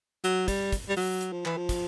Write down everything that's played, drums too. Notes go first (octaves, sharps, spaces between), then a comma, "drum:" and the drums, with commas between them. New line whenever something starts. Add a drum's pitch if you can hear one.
F#3, drum: hi-hat
G3, drum: kick, hi-hat
drum: kick, hi-hat
G3
F#3, drum: open hi-hat
drum: hi-hat
F3
E3, drum: clap
F3
drum: kick, hi-hat